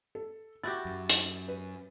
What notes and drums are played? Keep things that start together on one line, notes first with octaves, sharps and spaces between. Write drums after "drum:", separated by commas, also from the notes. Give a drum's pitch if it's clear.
A4
E4 F#4 G4 A6
F#2
drum: hi-hat
B4